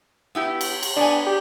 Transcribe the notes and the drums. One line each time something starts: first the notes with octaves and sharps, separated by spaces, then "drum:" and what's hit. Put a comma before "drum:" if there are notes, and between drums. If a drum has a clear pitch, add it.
B3 E4 G4
drum: cymbal
drum: cymbal
B3 D4 G#5
G4